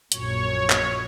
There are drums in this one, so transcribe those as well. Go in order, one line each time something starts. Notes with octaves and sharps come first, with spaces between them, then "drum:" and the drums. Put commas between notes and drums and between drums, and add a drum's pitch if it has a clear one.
A#1 F#2 A#2 C#5, drum: hi-hat
drum: clap